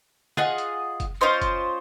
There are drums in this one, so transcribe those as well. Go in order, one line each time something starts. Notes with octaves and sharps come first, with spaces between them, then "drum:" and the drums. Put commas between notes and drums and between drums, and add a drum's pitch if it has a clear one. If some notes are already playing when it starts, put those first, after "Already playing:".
F4 G#4 D#5 F#5, drum: snare
drum: hi-hat
drum: kick F#1, hi-hat
C#4 F4 C5 D#5
drum: kick F#1, hi-hat